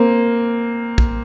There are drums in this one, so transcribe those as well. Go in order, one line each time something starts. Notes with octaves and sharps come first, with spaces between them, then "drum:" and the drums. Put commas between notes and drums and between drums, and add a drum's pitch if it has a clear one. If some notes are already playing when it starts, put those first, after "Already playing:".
Already playing: A#3 C4
drum: kick